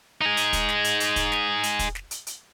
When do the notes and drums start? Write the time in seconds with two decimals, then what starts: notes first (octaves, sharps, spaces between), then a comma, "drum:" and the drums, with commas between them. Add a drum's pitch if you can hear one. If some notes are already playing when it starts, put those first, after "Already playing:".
0.21 D#4 G#4
0.37 drum: hi-hat
0.53 drum: kick, hi-hat
0.69 drum: snare
0.84 drum: hi-hat
1.00 drum: hi-hat
1.16 drum: kick, hi-hat
1.32 drum: snare
1.63 drum: hi-hat
1.79 drum: kick, hi-hat
1.95 drum: snare
2.11 drum: hi-hat
2.27 drum: hi-hat